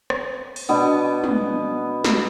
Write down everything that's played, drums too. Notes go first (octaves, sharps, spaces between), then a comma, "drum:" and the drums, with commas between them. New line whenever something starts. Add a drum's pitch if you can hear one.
drum: rim click
drum: open hi-hat
B2 B3 D4
drum: tom
drum: snare